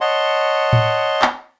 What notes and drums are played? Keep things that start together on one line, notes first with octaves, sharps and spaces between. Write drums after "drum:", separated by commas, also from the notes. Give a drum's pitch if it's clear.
C#5 D#5 F#5 A5 C6
drum: tom A2
drum: clap